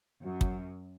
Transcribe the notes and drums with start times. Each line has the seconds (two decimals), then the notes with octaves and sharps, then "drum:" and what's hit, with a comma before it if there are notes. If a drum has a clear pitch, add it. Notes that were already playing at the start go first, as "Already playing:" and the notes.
0.23 F#2 F#3
0.41 drum: kick